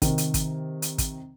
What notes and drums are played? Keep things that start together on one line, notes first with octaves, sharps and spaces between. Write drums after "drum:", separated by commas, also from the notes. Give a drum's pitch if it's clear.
C3 D#3, drum: kick, hi-hat
drum: hi-hat
drum: kick, hi-hat
drum: hi-hat
drum: kick, hi-hat